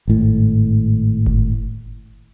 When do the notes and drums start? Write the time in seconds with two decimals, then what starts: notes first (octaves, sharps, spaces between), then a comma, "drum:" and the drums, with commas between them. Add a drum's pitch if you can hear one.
0.08 G#1 A2
1.26 drum: kick F#1